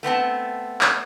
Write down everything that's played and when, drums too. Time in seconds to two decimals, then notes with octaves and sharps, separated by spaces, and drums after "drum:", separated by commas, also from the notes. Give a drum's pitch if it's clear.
0.03 A3 B3 C4 A5
0.81 drum: clap